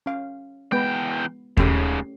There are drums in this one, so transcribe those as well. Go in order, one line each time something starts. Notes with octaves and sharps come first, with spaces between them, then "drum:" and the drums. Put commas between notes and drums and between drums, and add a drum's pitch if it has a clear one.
C#4 F5
E2 G#3 B3 B4 G5
G#2 C#3 A3 C#4 G4, drum: kick D#2